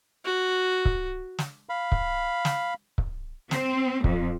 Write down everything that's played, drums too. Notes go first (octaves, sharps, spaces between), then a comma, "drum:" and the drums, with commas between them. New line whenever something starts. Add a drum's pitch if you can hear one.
F#4
drum: kick C#1
drum: snare
F5 B5
drum: kick C#1
drum: snare
drum: kick C#1
C4, drum: snare
F2, drum: kick C#1